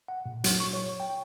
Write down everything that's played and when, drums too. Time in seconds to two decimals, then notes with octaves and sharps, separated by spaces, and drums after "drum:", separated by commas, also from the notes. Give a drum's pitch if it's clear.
0.08 F#5
0.26 A#2
0.44 F#3, drum: hi-hat
0.60 C#6
0.73 C#5
1.00 G5